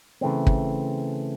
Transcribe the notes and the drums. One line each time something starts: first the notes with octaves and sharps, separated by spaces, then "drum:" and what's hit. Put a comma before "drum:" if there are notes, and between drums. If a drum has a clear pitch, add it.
C#3 E3 A3 C4
drum: kick